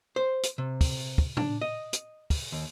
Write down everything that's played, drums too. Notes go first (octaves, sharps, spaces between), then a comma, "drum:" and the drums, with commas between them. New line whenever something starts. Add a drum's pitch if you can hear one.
C5
drum: hi-hat
C3
drum: kick, open hi-hat
drum: kick
D4, drum: tom A2
D#5
drum: hi-hat
drum: kick, open hi-hat
D#2